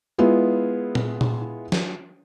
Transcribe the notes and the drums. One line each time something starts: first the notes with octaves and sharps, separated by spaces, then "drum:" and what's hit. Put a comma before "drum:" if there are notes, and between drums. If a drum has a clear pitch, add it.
G#3 B3 E4 F4 G#4
drum: tom A#2
drum: tom A#2
drum: snare